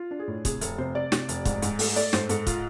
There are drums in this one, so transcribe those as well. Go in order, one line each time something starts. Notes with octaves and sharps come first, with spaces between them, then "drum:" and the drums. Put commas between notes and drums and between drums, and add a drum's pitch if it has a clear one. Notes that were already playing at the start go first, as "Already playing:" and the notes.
Already playing: F4
D4
G#4
A2
C3 G#4, drum: kick, hi-hat
F1 A4, drum: hi-hat
C3 C5
C3 D5
C3, drum: snare
F1, drum: hi-hat
G#2, drum: kick, hi-hat
G#2, drum: hi-hat
A3, drum: open hi-hat
A3 D5, drum: hi-hat
G#2 C5, drum: snare
G#2 A4, drum: hi-hat
F4, drum: kick, hi-hat